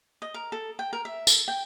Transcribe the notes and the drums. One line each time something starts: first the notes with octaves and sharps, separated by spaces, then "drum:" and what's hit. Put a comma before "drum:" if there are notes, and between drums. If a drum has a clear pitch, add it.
D#5
A#4
A4
G5
A#4
E5
A4, drum: tambourine
G5